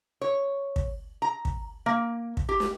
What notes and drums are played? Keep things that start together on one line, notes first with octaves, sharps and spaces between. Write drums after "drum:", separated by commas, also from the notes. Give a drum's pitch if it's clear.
C#5
drum: kick
A#5
drum: kick
A#3
drum: kick
G4
drum: snare